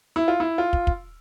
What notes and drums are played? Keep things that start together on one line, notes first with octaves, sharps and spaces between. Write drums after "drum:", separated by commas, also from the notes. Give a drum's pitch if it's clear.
E4
F4
E4
F4
drum: kick
drum: kick